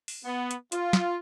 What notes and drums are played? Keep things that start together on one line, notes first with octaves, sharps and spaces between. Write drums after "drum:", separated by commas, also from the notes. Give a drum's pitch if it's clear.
drum: open hi-hat
B3
drum: hi-hat
F4, drum: hi-hat
drum: snare